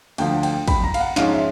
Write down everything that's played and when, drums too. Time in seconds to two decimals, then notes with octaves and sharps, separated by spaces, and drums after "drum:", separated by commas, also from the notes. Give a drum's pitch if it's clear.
0.18 D2 D3 F3 G5, drum: cymbal
0.43 G5, drum: cymbal
0.68 B5, drum: kick, cymbal
0.84 A#5
0.94 F5, drum: cymbal
1.00 F#5
1.16 G#2 F3 G#3 C#4 F5, drum: snare
1.33 E5